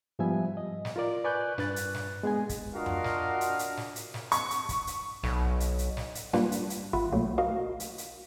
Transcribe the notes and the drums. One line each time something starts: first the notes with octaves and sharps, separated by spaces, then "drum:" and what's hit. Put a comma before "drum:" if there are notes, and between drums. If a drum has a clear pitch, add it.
G#2 F3 G3 B3 E5 G#5
D#5
drum: snare
F4 A#4 D5
B4 D5 G#5 C#6 F#6 G6
G2 D4 B4 F#6 A6, drum: snare
drum: hi-hat
drum: snare
G#3 B3 G#4 D#5 G#5
drum: kick, hi-hat
D4 F4 F#4 A#4 D#5 F5
drum: tom F2
drum: snare
drum: hi-hat
drum: hi-hat
drum: snare
drum: hi-hat
drum: snare
C#6, drum: hi-hat
drum: hi-hat
drum: kick, hi-hat
drum: hi-hat
B1, drum: snare
drum: hi-hat
drum: hi-hat
drum: snare
drum: hi-hat
G3 A#3 D4 F4 B4, drum: snare
drum: hi-hat
drum: hi-hat
G#1 F4 E5 F#5 B5
C2 B2 F#3 A3 A#3
F#4 A#4 D#5 F5
drum: hi-hat
drum: hi-hat